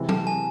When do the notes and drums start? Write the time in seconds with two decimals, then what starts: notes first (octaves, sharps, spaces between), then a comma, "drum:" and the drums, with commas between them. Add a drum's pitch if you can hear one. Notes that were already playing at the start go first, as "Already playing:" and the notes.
Already playing: C3 E3 G#3 C4 E4
0.09 A5, drum: tom F#3
0.27 G#5